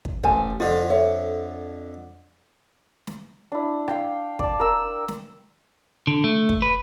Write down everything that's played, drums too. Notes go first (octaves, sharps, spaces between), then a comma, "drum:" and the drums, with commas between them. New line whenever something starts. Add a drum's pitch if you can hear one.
drum: kick
A1 C5 G#5 A5, drum: kick
F2 D3 F4
C#5 E5
drum: snare
D4 E4
F5 G5, drum: rim click
D5 A5, drum: kick
A#4 E6
drum: snare
D3
A3
drum: kick
B4